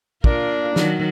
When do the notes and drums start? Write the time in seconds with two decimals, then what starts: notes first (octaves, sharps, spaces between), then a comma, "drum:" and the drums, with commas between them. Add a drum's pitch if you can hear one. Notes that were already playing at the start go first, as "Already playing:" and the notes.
0.24 A#3 D4 F4 A#4, drum: kick
0.76 D#3 F#3 F#4, drum: snare